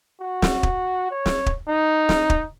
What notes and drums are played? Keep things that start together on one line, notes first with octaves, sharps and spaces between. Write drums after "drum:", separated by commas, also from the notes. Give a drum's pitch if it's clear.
F#4
drum: snare
drum: kick
C#5
drum: snare
drum: kick
D#4
drum: snare
drum: kick